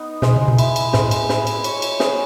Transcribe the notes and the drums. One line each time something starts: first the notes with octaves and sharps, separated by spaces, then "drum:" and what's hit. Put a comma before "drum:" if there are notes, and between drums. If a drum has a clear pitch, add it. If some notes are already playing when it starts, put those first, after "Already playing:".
Already playing: B3 D#4
B2 G#3, drum: snare
C#3
B2
E4, drum: cymbal
drum: cymbal
A2 G#3, drum: snare
drum: cymbal
E4, drum: snare
drum: cymbal
C#5, drum: cymbal
drum: cymbal
G#4, drum: snare